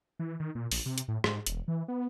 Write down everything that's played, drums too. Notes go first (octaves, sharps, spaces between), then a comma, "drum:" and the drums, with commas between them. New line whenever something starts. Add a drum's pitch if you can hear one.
E3
D#3
A#2
A#1, drum: open hi-hat
C3
drum: hi-hat
A2
G#2, drum: rim click
E1, drum: hi-hat
E3
B3